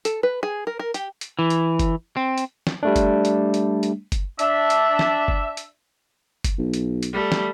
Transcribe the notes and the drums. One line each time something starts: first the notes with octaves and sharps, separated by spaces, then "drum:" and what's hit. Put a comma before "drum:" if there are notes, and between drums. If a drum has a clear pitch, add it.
A4, drum: hi-hat
B4
G#4
A#4
A#4
G4, drum: hi-hat
drum: hi-hat
E3
drum: hi-hat
drum: kick F#1, hi-hat
C4
drum: hi-hat
drum: snare
G3 A3 D4
drum: kick F#1, hi-hat
drum: hi-hat
drum: hi-hat
drum: hi-hat
drum: kick F#1, hi-hat
D4 E5, drum: hi-hat
drum: hi-hat
drum: snare
drum: kick F#1
drum: hi-hat
drum: kick F#1, hi-hat
B1
drum: hi-hat
drum: hi-hat
G3 A3
drum: snare